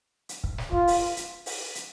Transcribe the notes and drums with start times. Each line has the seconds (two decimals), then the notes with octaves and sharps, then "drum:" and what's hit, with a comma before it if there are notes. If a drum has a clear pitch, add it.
0.29 drum: hi-hat
0.44 drum: kick
0.58 drum: snare
0.72 F4, drum: kick
0.87 drum: open hi-hat
1.17 drum: hi-hat
1.46 drum: open hi-hat
1.75 drum: hi-hat